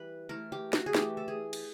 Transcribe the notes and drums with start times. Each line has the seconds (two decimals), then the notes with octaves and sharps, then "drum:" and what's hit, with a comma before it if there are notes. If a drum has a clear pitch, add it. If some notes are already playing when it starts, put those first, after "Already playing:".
Already playing: E3 G3 B4
0.29 E3 A3 A#4
0.52 G4
0.73 F#4, drum: snare
0.86 G#4
0.95 E3 A3 G4, drum: snare
1.17 A4
1.28 G#4
1.53 drum: cymbal